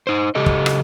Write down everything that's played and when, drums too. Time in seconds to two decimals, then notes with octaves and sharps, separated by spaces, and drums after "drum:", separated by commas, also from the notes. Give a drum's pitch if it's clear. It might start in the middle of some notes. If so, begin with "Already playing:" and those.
0.07 D#4 C5
0.35 C#3 G4 A4 D#5
0.46 drum: kick
0.66 drum: rim click